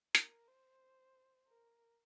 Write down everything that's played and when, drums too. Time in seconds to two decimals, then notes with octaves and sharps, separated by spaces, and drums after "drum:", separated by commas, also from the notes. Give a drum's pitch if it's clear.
0.15 A#4, drum: hi-hat
0.48 C5
1.48 A#4